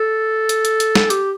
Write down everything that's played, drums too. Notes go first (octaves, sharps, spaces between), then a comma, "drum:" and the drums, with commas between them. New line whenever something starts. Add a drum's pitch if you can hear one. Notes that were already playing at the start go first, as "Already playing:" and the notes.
Already playing: A4
drum: hi-hat
drum: hi-hat
drum: hi-hat
drum: snare
G4, drum: hi-hat